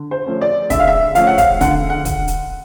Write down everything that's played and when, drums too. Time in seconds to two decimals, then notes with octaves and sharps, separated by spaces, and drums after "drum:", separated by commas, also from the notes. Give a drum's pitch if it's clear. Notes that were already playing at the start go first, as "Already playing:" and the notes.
Already playing: D3
0.11 C5
0.26 F3 A3 C#4
0.41 D5
0.70 D3 E5, drum: kick, hi-hat
0.80 F5
0.87 E5
1.15 F3 A3 C#4 F5, drum: hi-hat
1.27 F#5
1.38 F5, drum: kick, hi-hat
1.61 D3 F#5, drum: kick, hi-hat
1.90 F#5
2.05 drum: kick, hi-hat
2.28 drum: hi-hat